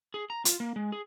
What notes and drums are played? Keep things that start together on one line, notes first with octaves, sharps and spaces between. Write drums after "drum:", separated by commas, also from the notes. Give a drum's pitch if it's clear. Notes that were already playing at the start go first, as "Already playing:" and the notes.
G#4
A#5
F4, drum: hi-hat
A#3
G#3
G#4